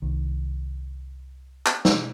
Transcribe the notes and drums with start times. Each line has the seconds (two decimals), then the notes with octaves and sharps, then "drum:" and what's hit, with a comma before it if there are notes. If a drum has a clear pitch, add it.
0.02 C2 D#3
1.66 drum: clap
1.85 drum: snare